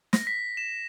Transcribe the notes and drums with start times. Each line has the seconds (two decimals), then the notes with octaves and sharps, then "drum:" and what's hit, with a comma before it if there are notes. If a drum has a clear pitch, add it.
0.13 A#6, drum: snare
0.27 B6
0.57 E7